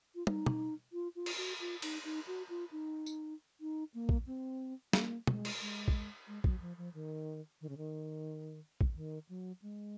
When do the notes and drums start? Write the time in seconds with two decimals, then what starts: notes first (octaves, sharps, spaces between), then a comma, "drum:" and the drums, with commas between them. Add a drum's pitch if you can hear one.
0.15 F4
0.27 D#4, drum: tom
0.46 drum: tom
0.93 F4
1.15 F4
1.26 drum: cymbal
1.38 F#4
1.60 F4
1.82 D#4, drum: cymbal
2.04 D#4
2.27 F#4
2.49 F4
2.72 D#4
3.06 drum: tambourine
3.61 D#4
3.94 A#3
4.09 drum: kick
4.27 C4
4.93 A#3, drum: snare
5.27 G#3, drum: tom
5.45 drum: cymbal
5.61 G#3
5.88 drum: kick
6.27 G#3
6.44 F#3, drum: kick
6.61 F3
6.77 F3
6.94 D#3
7.61 D#3
7.69 C#3
7.77 D#3
8.81 drum: kick
8.95 D#3
9.29 F#3
9.62 G#3